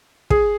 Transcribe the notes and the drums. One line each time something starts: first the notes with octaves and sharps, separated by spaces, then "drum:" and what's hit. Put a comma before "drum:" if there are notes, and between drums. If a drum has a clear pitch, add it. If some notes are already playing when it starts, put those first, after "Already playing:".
G#4, drum: kick